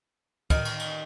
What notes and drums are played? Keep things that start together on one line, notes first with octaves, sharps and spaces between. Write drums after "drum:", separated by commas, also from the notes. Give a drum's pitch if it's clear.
D#3, drum: kick, cymbal
drum: cymbal
drum: cymbal